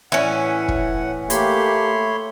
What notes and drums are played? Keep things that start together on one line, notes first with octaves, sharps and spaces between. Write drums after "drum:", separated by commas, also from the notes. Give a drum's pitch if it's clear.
A2 E3 C#4 F#5
drum: kick
A3 A#3 G4 C#5 B5 C6, drum: hi-hat